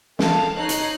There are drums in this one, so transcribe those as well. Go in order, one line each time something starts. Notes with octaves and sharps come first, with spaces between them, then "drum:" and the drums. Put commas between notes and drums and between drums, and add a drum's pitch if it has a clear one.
A4 F5 A5, drum: snare
D#4 C#5 D#5 F#6 C7
drum: hi-hat